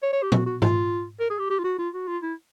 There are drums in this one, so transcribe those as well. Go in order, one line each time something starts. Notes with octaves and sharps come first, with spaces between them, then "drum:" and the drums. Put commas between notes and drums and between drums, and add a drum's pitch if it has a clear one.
C#5
C#5
G4
F#4, drum: tom A#2
F#4
F4, drum: tom G#2
A#4
G#4
G4
G4
F4
F#4
F4
F#4
F4
E4